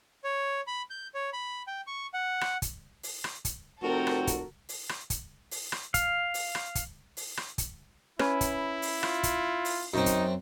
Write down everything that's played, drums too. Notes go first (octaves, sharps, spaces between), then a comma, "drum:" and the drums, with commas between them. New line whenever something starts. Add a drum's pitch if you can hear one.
C#5
B5
G6
C#5
B5
G5
C#6
F#5
drum: rim click
drum: kick, hi-hat
drum: open hi-hat
drum: rim click
drum: kick, hi-hat
F1 C4 F#4 A4 A#4
drum: rim click
drum: kick, hi-hat
drum: open hi-hat
drum: rim click
drum: kick, hi-hat
drum: open hi-hat
drum: rim click
F5, drum: kick, hi-hat
drum: open hi-hat
drum: rim click
drum: kick, hi-hat
drum: open hi-hat
drum: rim click
drum: kick, hi-hat
C#4 E4 B4, drum: rim click
drum: kick, hi-hat
drum: open hi-hat
F4, drum: rim click
drum: kick, hi-hat
drum: open hi-hat
F#2 C4 D#4
drum: kick, hi-hat